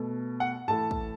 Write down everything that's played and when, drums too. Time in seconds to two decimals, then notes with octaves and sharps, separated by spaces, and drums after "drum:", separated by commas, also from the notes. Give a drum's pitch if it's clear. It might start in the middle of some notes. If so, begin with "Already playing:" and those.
Already playing: B2 A3
0.40 F#5
0.68 A2 E3 A3 A5
0.91 drum: kick